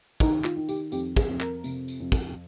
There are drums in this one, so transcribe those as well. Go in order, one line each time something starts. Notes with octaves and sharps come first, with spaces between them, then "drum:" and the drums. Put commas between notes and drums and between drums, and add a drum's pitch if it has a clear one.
D#3 D#4, drum: kick, tambourine
F4, drum: clap
D#3
G4, drum: tambourine
F2 G4, drum: tambourine
G#4, drum: kick, tambourine
F2
A#4, drum: clap
C3, drum: tambourine
drum: tambourine
F2
drum: kick, tambourine